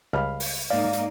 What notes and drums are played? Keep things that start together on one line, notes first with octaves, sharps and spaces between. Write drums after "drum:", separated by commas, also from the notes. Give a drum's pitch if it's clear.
C#2 G3 F5 B5 F6
drum: open hi-hat
G#2 A#3 D#4 D5 F5
drum: hi-hat